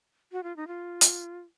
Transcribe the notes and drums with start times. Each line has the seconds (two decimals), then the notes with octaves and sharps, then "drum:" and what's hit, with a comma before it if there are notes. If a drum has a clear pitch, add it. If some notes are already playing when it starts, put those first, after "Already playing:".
0.32 F#4
0.43 F4
0.56 D#4
0.67 F4
1.01 drum: hi-hat